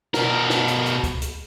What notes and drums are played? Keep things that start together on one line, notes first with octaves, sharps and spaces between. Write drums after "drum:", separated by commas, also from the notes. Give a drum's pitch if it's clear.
B2 A#4, drum: snare
drum: snare
drum: hi-hat
drum: hi-hat
drum: kick, hi-hat
drum: hi-hat